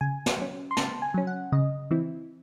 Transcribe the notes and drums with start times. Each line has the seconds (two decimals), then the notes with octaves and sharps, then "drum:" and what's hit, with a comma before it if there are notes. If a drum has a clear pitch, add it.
0.01 C#3 G#5
0.26 drum: snare
0.39 F#3 C#4
0.71 C6
0.77 C#3 A5, drum: snare
1.02 G#5
1.14 F#3 C#4
1.27 F#5
1.52 C#3 D#5
1.91 E3 C4 E4